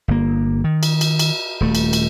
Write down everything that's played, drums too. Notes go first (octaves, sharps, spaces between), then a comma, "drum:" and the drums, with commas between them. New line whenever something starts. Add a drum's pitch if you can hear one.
G1 A#3
D#3
drum: cymbal
drum: cymbal
drum: cymbal
D#1 A3
drum: cymbal
drum: cymbal